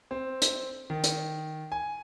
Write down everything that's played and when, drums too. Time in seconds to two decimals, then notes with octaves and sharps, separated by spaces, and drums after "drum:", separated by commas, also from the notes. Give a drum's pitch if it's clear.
0.11 C4
0.42 drum: hi-hat
0.90 D#3
1.04 drum: hi-hat
1.72 G#5